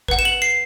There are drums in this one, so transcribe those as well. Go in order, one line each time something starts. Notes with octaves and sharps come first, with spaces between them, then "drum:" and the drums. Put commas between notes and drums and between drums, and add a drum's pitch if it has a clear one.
B4 F#5, drum: kick G#1
E7
F#7
C7